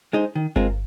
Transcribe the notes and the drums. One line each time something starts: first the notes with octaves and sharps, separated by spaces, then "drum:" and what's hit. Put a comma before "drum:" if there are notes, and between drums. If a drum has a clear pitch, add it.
G#3 D#4 G#4 C5
D#3
G#3 C4 F4 A#4, drum: kick G1